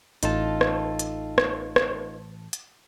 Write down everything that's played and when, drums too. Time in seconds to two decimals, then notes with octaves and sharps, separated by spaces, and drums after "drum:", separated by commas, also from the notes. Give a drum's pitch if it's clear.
0.23 A1 D#4 F4 A4 A5, drum: hi-hat
0.61 drum: rim click
0.99 drum: hi-hat
1.38 drum: rim click
1.76 drum: rim click
2.53 drum: hi-hat